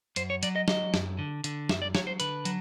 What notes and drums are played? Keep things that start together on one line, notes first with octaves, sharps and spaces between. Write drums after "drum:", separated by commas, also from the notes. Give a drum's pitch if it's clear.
F#2 C5, drum: hi-hat
C#5
F#3 D5, drum: hi-hat
D#5
F#3 D#5, drum: snare
F#2, drum: snare
D3
D3, drum: hi-hat
F#2 E5, drum: snare
D5
F#3 C#5, drum: snare
C5
D3 B4, drum: hi-hat
F#3, drum: hi-hat